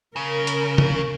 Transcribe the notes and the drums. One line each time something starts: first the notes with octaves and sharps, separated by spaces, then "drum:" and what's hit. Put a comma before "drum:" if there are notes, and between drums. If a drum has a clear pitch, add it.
C#3 A#4
drum: hi-hat
drum: tom C3